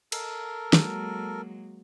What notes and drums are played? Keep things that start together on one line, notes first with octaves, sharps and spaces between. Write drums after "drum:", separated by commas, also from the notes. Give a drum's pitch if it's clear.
A4 A#4, drum: cymbal
F#3 G#3 A#3, drum: snare